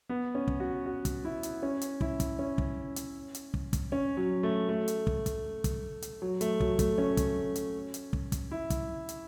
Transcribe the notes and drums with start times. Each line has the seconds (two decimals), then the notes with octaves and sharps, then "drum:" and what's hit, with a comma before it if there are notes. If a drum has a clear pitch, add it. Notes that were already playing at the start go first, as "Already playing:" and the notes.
0.09 B3
0.35 C#4
0.48 drum: kick
0.60 F#4
0.86 F#4
1.05 drum: kick, hi-hat
1.25 E4
1.43 drum: hi-hat
1.63 C#4
1.81 drum: hi-hat
2.01 E4, drum: kick
2.20 drum: kick, hi-hat
2.39 C#4
2.58 drum: kick
2.96 drum: hi-hat
3.35 drum: hi-hat
3.54 drum: kick
3.73 drum: kick, hi-hat
3.92 C#4
4.17 F#3
4.43 A3
4.69 A3
4.88 drum: hi-hat
5.07 drum: kick
5.26 drum: kick, hi-hat
5.64 drum: kick, hi-hat
6.02 drum: hi-hat
6.22 F#3
6.41 A3, drum: hi-hat
6.60 F#3, drum: kick
6.79 A3, drum: kick, hi-hat
6.98 C#4
7.17 drum: kick, hi-hat
7.56 drum: hi-hat
7.94 drum: hi-hat
8.13 drum: kick
8.32 drum: kick, hi-hat
8.51 E4
8.70 drum: kick, hi-hat
9.09 drum: hi-hat